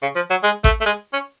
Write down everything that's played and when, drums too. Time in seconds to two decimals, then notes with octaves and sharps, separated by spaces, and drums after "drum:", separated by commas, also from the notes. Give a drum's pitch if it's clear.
0.02 C#3
0.15 F3
0.30 F#3
0.43 G#3
0.64 A3, drum: kick A1
0.80 A3
0.86 G#3
1.13 C#4